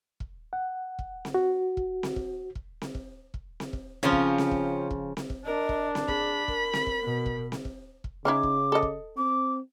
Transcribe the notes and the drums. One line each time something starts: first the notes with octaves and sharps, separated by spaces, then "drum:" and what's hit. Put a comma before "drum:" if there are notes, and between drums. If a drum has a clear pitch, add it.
drum: kick
F#5
drum: kick
drum: snare C4
F#4
drum: kick
drum: snare C4
drum: kick
drum: kick
drum: snare C4
drum: kick
drum: kick
drum: snare C4
drum: kick
C#3 F3 C4 C#4 F4
drum: kick
drum: snare C4
drum: kick
drum: kick
drum: snare C4
drum: kick
D4 A#4 D#5
drum: kick
drum: snare C4
G#4 B5, drum: kick
A#4, drum: kick
drum: snare C4
drum: kick
B2
drum: kick
drum: snare C4
drum: kick
drum: kick
C#3 C#4 D#4 E4 D6
drum: kick
A4 D#5
drum: kick
C4 D6